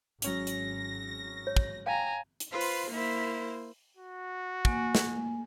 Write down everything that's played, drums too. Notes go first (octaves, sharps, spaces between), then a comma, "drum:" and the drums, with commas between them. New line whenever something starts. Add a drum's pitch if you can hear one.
G#1 F#3 C#4 A#6 F7, drum: hi-hat
drum: hi-hat
C#5
drum: kick
F5 G5 G#5 A#5
drum: hi-hat
F4 B4 C5 F5
drum: open hi-hat
A#3 E4 A#4 C5
F#4
A#3 G#5, drum: kick
drum: snare